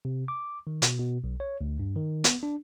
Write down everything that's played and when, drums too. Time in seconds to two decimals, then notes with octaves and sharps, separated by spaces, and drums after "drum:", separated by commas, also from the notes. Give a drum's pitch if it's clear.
0.05 C3
0.28 D6
0.67 D#3
0.82 B2, drum: hi-hat
0.99 B2
1.24 B1
1.40 C#5
1.61 D2
1.80 G2
1.96 D#3
2.24 B3, drum: hi-hat
2.43 D4